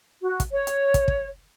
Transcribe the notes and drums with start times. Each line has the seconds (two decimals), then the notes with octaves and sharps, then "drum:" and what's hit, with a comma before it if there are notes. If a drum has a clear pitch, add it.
0.22 F#4
0.40 drum: kick, hi-hat
0.53 C#5
0.67 drum: hi-hat
0.94 drum: kick, hi-hat
1.08 drum: kick